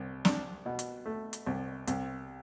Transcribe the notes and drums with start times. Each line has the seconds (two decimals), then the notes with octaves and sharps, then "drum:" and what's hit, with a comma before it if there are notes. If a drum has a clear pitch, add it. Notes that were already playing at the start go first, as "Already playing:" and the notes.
Already playing: C2
0.25 D4, drum: snare
0.66 B2
0.79 drum: hi-hat
1.06 A3
1.33 drum: hi-hat
1.47 C2
1.87 C2, drum: hi-hat